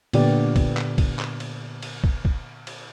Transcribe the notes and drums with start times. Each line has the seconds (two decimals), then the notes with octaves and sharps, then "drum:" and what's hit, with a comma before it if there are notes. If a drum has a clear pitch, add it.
0.13 A#2 D3 B3 G4 D5, drum: cymbal
0.56 drum: kick, cymbal
0.77 drum: clap
0.98 drum: kick, cymbal
1.19 drum: clap
1.40 drum: cymbal
1.83 drum: cymbal
2.04 drum: kick
2.25 drum: kick
2.67 drum: cymbal